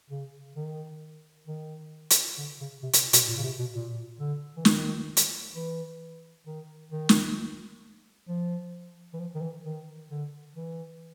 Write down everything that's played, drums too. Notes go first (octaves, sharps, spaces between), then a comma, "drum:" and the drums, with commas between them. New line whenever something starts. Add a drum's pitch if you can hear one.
C#3
D#3
D#3
drum: hi-hat
D3
C#3
C3
drum: hi-hat
B2, drum: hi-hat
A#2
C#3
C3
B2
A#2
D3
E3
D#3, drum: snare
drum: hi-hat
E3
D#3
D#3
drum: snare
F3
E3
F3
D#3
E3
D#3
D3
E3